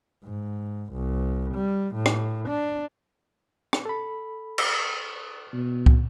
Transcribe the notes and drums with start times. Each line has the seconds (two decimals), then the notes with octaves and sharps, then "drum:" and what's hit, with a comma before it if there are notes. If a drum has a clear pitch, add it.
0.24 G#2
0.93 C2
1.55 G3
1.95 A2
2.06 drum: rim click
2.49 D4
3.73 drum: rim click
3.85 A4 B5
4.58 drum: cymbal
5.53 B2
5.86 drum: kick